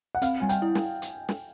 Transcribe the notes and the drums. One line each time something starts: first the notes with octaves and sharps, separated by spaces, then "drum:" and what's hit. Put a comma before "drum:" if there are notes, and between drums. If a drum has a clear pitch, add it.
F#5
C4 F5, drum: hi-hat
G3 G#5
G5, drum: hi-hat
E4
drum: snare
drum: hi-hat
drum: snare